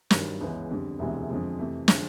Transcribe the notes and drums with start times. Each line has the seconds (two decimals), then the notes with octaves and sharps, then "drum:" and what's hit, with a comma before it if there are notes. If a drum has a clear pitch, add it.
0.11 G2 D#3 F#3, drum: snare
0.41 C#2 C#3 E3 G#3 B3
0.70 F2 D3 G3
0.99 E1 D2 C3 E3 G#3
1.30 F2 D3 F3 G#3
1.59 F2 C3 E3 A3
1.88 D3 F3 G#3, drum: snare